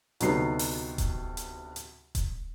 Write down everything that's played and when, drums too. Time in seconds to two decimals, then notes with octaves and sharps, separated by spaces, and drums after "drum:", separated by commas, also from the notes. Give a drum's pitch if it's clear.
0.20 D2 C3 F#3 B3 D#4 C7, drum: hi-hat
0.59 drum: open hi-hat
0.98 drum: kick D#1, hi-hat
1.37 drum: hi-hat
1.76 drum: hi-hat
2.15 drum: kick D#1, hi-hat